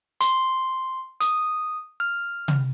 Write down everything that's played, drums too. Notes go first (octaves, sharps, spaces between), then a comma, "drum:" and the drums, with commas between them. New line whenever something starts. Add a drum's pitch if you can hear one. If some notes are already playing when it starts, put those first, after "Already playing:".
C6, drum: hi-hat
D#6, drum: hi-hat
F6
drum: tom